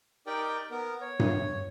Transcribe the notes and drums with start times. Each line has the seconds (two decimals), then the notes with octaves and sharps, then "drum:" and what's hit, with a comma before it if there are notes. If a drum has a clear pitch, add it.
0.27 D#4 G4 A#4 D5 G5
0.71 B3 A#4
1.01 C#5
1.19 drum: tom G2